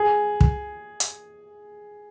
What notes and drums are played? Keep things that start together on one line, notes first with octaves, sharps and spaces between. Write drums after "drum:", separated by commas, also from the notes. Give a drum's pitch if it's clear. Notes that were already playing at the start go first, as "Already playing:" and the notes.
Already playing: G#4
drum: kick
drum: hi-hat